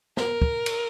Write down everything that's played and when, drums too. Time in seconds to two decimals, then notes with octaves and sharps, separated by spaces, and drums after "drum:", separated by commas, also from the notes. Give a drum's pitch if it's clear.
0.17 A#4, drum: snare
0.42 drum: kick
0.66 drum: cymbal